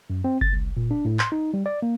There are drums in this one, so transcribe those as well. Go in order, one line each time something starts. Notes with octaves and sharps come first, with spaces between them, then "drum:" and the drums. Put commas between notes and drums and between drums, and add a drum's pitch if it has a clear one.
F#2
C4
A6, drum: kick F#1
C2
A#2
D4
A2
C6, drum: clap
D#4
G3
D5
A#3